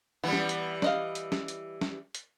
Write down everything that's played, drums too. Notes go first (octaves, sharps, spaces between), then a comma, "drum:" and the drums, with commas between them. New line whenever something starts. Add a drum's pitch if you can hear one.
E3 G3 B3
drum: snare
drum: hi-hat
D5 D#5 F5, drum: snare
drum: hi-hat
drum: snare
drum: hi-hat
drum: snare
drum: hi-hat